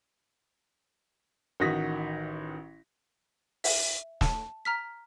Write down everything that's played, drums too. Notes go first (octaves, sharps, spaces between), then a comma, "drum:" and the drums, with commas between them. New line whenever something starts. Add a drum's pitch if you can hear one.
A1 D#3 F#4 D#6 A#6 B6
E5, drum: open hi-hat
A5, drum: snare
A#5 F6 B6